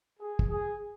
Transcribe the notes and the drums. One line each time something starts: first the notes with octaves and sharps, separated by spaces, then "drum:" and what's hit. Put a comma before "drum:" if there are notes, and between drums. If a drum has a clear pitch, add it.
G#4
drum: kick
G#4